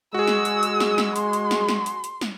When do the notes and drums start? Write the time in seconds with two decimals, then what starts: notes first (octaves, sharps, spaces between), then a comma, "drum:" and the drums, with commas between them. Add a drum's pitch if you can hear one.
0.14 G#3 F#4 G#4 E6
0.27 drum: snare
0.45 drum: hi-hat
0.63 drum: hi-hat
0.80 drum: snare
0.98 drum: snare
1.16 C6, drum: hi-hat
1.33 drum: hi-hat
1.51 drum: snare
1.69 drum: snare
1.86 drum: hi-hat
2.04 drum: hi-hat
2.21 drum: snare